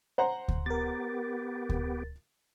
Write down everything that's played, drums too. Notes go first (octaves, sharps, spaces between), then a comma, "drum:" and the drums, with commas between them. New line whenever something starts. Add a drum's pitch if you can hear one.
C5 F#5 A#5
drum: kick D2
B3 G4 A#4 A6
drum: kick D2